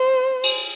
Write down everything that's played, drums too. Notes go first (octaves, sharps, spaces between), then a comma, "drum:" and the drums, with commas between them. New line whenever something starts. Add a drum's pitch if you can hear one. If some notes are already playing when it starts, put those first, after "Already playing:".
Already playing: C5
drum: cymbal